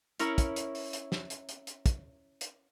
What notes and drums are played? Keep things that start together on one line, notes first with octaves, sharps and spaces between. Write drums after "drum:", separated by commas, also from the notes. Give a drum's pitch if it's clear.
C#4 E4 A#4 C#5, drum: hi-hat
drum: kick, hi-hat
drum: hi-hat
drum: open hi-hat
drum: hi-hat
drum: snare
drum: hi-hat
drum: hi-hat
drum: hi-hat
drum: kick, hi-hat
drum: hi-hat